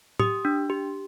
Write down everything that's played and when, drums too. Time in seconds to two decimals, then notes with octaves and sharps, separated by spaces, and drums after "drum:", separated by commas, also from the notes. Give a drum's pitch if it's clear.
0.19 G4 D#6, drum: tom
0.45 D4
0.70 G4